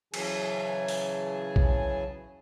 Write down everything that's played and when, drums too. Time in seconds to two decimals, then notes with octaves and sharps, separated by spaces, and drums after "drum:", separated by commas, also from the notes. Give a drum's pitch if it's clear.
0.14 C#3 E3 F#3 G#4 G#5 A5, drum: cymbal
0.88 drum: open hi-hat
1.56 drum: kick A#1